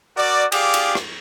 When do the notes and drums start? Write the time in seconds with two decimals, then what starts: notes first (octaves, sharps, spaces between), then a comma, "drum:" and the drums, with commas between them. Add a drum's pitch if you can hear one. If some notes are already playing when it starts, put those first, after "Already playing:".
0.17 F#4 A#4 D5
0.52 G4 G#4 D5 F5 D6, drum: cymbal
0.74 drum: cymbal
0.95 drum: rim click